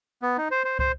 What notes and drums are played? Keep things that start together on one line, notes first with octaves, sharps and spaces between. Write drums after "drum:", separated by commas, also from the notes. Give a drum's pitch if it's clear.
B3
D#4
C5
C5
C5, drum: kick